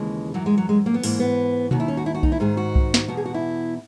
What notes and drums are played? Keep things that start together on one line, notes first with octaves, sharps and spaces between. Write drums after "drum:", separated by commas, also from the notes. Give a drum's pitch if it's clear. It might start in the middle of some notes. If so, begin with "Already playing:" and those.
Already playing: D#2 C#3 E3 G#3
F#2 E3 F#3
G#3
F#3
G#3
A#3
B3
G#2 E3 A#3, drum: open hi-hat
B3
D#2 D#3 F#4, drum: tom B2
E4
C#4
F#4
E4
F#4
D#4, drum: kick B1
E4
G#2 D#3 G#4
F#4
drum: kick B1
drum: snare
E2 B2 F#4
G#4
F#4
E4